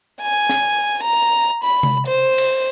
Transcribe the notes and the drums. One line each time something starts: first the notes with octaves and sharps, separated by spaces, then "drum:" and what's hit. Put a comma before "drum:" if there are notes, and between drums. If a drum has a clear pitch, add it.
G#5
drum: snare
A#5
B5
drum: tom C3
C5, drum: hi-hat
drum: cymbal